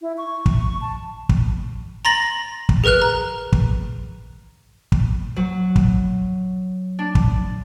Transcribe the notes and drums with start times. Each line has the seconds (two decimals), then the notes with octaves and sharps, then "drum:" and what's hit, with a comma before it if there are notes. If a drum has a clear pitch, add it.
0.02 E4
0.18 C#6
0.46 drum: kick
0.81 A5
1.29 drum: kick
2.05 A#5 C6 A6 A#6 F#7
2.69 drum: kick
2.84 G#4 A#4 B4 F6 F#6
3.02 A#5
3.52 drum: kick
4.92 drum: kick
5.36 F#3
5.76 drum: kick
6.99 D4
7.15 drum: kick